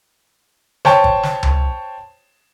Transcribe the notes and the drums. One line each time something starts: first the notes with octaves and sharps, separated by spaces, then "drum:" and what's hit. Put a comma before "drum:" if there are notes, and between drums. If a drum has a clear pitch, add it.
C5 C#5 G5 A5, drum: snare
drum: kick
drum: snare
drum: tom C#2